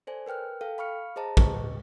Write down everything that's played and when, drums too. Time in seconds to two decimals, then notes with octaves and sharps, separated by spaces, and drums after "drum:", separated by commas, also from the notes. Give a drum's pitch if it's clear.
0.07 A4 C5 D5 G#5
0.26 A#4 B4 G5 F6 F#6
0.61 A4 F5 G5
0.78 F5 B5 C#6 F6 C#7
1.16 G#4 C5 D#5 A5 A#5
1.37 B4 D#5 C#6, drum: kick